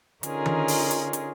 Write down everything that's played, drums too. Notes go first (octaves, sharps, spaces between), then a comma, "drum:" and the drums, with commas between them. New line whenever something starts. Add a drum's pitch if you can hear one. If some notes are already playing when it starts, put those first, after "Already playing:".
D3 C#4 D#4 F4 G#4 A#4, drum: hi-hat
drum: tom D#3
drum: open hi-hat
drum: hi-hat
drum: hi-hat